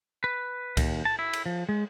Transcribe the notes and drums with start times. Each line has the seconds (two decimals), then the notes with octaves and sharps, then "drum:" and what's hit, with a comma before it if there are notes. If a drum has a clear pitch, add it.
0.24 B4
0.77 D#2, drum: kick C2, cymbal
1.05 A5
1.19 E4
1.33 drum: cymbal
1.46 F3
1.69 G#3